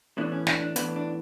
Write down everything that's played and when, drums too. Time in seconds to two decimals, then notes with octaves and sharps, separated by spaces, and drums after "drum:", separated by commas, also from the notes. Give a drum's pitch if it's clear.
0.17 A2 E3 B3 D4
0.32 C#4
0.47 D4, drum: snare
0.61 D4
0.76 A2 E3 B3 D4, drum: hi-hat
0.96 D4